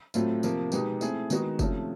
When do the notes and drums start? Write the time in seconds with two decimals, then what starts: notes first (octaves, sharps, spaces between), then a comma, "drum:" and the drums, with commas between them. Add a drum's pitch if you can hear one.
0.14 A2 F#3 A3 C4 F4, drum: tambourine
0.43 C3 F3 A#3, drum: tambourine
0.72 B2 G#3 B3 D#4 G4, drum: tambourine
1.01 A3 C4 E4 G#4, drum: tambourine
1.30 D#3 G#3 B3 D#4 F#4, drum: tambourine
1.59 C3 F3 A3 C#4, drum: kick F#1, tambourine